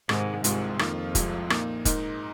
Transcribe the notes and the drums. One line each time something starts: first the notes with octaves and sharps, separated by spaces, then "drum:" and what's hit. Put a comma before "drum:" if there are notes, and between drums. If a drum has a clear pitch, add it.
G#2 C3 D#3 G#3, drum: rim click
C2 G#2 C3 D#3 G#3 F4, drum: hi-hat
F2 D#3 A#3 F4, drum: rim click
C2 C3 F3 G#3 F4, drum: kick, hi-hat
A#2 A#3 D#4, drum: rim click
G#2 G#3 D#4 A#4, drum: kick, hi-hat